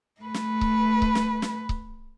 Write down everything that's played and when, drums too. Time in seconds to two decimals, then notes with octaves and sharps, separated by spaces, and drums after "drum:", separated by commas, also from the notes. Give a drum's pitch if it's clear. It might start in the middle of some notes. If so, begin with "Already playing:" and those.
0.21 A3 B4
0.34 drum: snare
0.61 drum: kick C#1
1.02 drum: kick C#1
1.15 drum: snare
1.42 drum: snare
1.69 drum: kick C#1